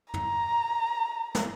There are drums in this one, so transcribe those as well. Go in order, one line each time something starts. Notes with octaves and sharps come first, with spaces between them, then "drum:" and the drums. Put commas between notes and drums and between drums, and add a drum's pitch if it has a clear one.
A#5, drum: tom
drum: snare